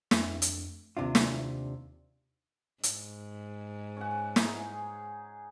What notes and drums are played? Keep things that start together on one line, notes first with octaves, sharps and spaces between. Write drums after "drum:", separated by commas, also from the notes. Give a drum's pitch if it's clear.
F2 A3 D4, drum: snare
drum: hi-hat
D#2 C3 D4 D#4 F4
drum: snare
G#2, drum: hi-hat
C#4 F#5
D#4 G#4, drum: snare